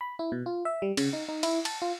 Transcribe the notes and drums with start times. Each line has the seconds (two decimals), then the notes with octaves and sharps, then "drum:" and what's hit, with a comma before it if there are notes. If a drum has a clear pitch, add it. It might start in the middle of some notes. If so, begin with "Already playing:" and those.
0.01 B5
0.19 E4
0.32 B2
0.46 F4
0.65 E5
0.82 G3
0.97 C#3, drum: cymbal
1.13 D#4
1.28 D#4
1.43 E4, drum: cymbal
1.65 A5, drum: cymbal
1.82 F4